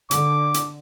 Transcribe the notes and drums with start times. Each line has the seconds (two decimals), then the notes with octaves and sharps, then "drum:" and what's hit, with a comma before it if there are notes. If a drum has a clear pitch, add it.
0.11 D3 D6, drum: hi-hat
0.54 drum: hi-hat